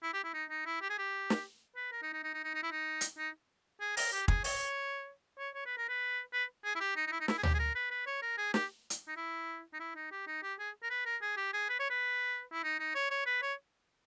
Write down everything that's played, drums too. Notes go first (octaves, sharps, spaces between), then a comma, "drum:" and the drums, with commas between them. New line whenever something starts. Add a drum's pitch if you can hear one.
E4
G4
E4
D#4
D#4
E4
G4
G#4
G4
drum: snare
B4
A#4
D#4
D#4
D#4
D#4
D#4
D#4
E4
D#4
drum: hi-hat
D#4
G#4
A#4, drum: open hi-hat
G4
G#4, drum: kick
C#5, drum: open hi-hat
C#5
C#5
B4
A#4
B4
B4
G#4
E4
G4
D#4
D#4
E4
D#4
E4, drum: snare
G#4
G4, drum: tom
G#4
A#4
B4
B4
C#5
A#4
G#4
G4, drum: snare
drum: hi-hat
D#4
E4
D#4
E4
D#4
G4
D#4
G4
G#4
A#4
B4
A#4
G#4
G4
G#4
B4
C#5
B4
E4
D#4
D#4
C#5
C#5
B4
C#5